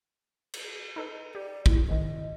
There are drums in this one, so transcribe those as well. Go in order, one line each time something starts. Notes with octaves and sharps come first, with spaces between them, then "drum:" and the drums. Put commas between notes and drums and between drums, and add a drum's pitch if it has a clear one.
drum: cymbal
D#4 A4 B4
G4 D5
E4, drum: kick
G#2 D#3 D#5